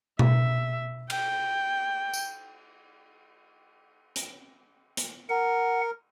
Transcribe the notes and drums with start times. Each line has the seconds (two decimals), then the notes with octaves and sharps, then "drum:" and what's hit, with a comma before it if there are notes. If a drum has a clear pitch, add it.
0.19 E5, drum: tom B2
1.10 G5, drum: cymbal
2.13 drum: tambourine
4.16 drum: hi-hat
4.97 drum: hi-hat
5.29 A#4 F#5